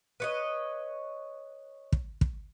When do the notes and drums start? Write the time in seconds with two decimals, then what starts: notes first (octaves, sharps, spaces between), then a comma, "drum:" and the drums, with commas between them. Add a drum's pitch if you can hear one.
0.20 B4 C#5 D#5
1.92 drum: kick
2.21 drum: kick